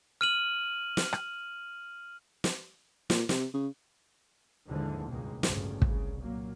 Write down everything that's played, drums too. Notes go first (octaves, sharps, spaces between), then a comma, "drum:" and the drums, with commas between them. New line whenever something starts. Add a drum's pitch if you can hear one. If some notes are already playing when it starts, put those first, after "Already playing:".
F6 D#7 F#7
drum: snare
drum: rim click
drum: snare
A#2, drum: snare
C3, drum: snare
C#3
D#2 G#2 D3 E3 F3 G#3
C#2 G2 B2 D#3 G#3 A#3
A1 D2 G2 C#3 F3, drum: snare
C2 C#3, drum: kick
A#2 F#3 A#3